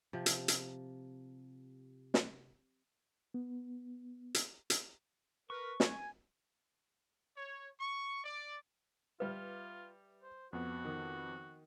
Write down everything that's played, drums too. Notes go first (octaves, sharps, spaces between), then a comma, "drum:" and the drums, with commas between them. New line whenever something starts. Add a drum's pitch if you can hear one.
C3 F3
drum: hi-hat
drum: hi-hat
drum: snare
B3
drum: hi-hat
drum: hi-hat
A#4 B4 C#6
G#5, drum: snare
C#5
C#6
D5
G3 F4 B4 E5
C5
F2 B3 F#4
D#3